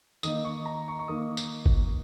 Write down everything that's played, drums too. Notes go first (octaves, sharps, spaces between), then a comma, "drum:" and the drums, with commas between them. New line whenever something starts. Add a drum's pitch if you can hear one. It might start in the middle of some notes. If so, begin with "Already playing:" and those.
D#3 A#3 D#4 D#6, drum: tambourine
C#6
A#5
C#6
C#6
D#3 A#3 D#4 D#6
drum: tambourine
drum: kick G1